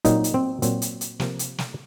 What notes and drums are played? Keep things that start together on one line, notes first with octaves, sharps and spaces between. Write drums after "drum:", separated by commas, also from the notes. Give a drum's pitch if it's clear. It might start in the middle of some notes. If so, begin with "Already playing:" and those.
A#2 F#3 C4 D#4, drum: kick, hi-hat
drum: hi-hat
C4
A#2 F#3 C4, drum: hi-hat
drum: hi-hat
drum: hi-hat
C3 F3 A#3, drum: snare
drum: hi-hat
drum: snare